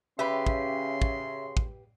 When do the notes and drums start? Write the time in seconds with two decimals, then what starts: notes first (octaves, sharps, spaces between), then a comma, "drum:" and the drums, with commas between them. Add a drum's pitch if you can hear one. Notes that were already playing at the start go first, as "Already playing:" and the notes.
0.19 C#3 C#4 G4 B4 E5 C6
0.46 drum: kick
1.02 drum: kick
1.57 drum: kick